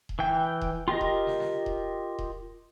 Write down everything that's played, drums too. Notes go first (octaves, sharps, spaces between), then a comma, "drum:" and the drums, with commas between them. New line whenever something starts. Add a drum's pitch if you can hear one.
drum: kick D#1
E3 G5
drum: kick D#1
F4 G4 A#4 D#5
drum: kick D#1
drum: snare
drum: snare
drum: kick D#1
drum: kick D#1